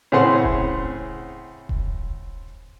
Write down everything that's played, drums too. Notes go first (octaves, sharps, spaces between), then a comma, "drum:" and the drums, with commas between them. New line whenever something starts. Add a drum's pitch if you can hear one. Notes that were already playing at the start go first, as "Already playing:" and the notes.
A2 C#3 C4 G#4 F#5 C6
drum: kick D#1
drum: kick D#1